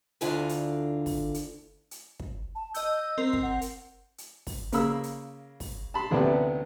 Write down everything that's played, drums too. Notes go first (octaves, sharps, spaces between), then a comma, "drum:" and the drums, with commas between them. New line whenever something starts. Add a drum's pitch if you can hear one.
D2 D3 E4 F4 A#4 G#5, drum: hi-hat
drum: hi-hat
drum: kick, open hi-hat
drum: hi-hat
drum: hi-hat
drum: kick
A5
D#5 E6 G6, drum: hi-hat
C4 A#4 C6
drum: kick
F#5
drum: hi-hat
drum: hi-hat
drum: kick, open hi-hat
C#3 A#3 A#4 B5 E6, drum: hi-hat
drum: hi-hat
drum: kick, open hi-hat
A5 B5 C6
A1 D2 C3 B3 D5